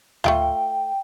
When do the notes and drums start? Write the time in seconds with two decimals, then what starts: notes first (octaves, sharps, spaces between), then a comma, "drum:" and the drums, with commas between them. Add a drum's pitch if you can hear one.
0.24 A3 E4 F4 G5, drum: tom D2